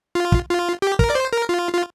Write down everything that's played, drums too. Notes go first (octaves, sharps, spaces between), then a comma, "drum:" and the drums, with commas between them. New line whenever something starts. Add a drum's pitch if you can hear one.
F4
drum: kick
F4
G4
A#4, drum: kick
D5
C5
A#4
F4
F4